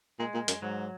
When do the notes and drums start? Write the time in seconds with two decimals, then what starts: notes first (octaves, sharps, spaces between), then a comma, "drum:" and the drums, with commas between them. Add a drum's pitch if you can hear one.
0.19 A#2 G#3
0.34 A#2
0.48 F#2, drum: hi-hat
0.62 G#2 F#3